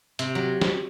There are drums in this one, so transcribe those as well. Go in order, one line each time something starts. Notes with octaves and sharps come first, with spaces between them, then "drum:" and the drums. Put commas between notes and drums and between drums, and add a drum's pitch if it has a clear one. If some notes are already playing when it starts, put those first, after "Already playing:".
C3, drum: hi-hat
F#3
drum: snare